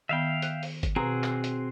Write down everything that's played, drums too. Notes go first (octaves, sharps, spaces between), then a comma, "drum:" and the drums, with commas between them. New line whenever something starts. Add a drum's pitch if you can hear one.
D#3 B3 E5 F5 G5
F#6, drum: hi-hat
drum: open hi-hat
drum: kick G1, hi-hat
B2 C4 F#4 G#4 A#5
drum: clap
drum: hi-hat